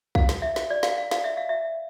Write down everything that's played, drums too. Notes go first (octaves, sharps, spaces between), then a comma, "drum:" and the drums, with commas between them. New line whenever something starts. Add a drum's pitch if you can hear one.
F5, drum: kick B1
drum: snare
E5
drum: snare
D5
F5, drum: snare
F5
F5, drum: snare
E5
F5
E5